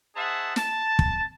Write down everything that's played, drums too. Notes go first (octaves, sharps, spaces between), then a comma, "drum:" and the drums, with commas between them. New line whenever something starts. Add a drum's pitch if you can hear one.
D#4 G#4 C5 E5 F#5 A5
A5, drum: snare
drum: kick